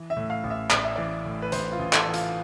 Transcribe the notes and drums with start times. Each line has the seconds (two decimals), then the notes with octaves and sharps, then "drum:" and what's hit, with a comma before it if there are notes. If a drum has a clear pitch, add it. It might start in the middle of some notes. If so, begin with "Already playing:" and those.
Already playing: E3
0.10 E5
0.17 A2
0.30 F5
0.44 A1
0.50 E5
0.70 A1 D5, drum: clap
0.84 E5
0.96 E3 D5
1.25 A2
1.42 B4
1.52 A1 C5, drum: hi-hat
1.72 F4
1.79 A1
1.93 A4, drum: clap
2.06 E3
2.14 F4, drum: hi-hat